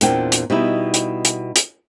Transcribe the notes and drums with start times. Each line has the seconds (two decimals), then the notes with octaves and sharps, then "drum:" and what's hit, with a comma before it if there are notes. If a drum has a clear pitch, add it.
0.01 E2 A#2 C4 D4 G5, drum: hi-hat
0.32 drum: hi-hat
0.50 B2 G3 D#4 E4
0.94 drum: hi-hat
1.25 drum: hi-hat
1.56 drum: hi-hat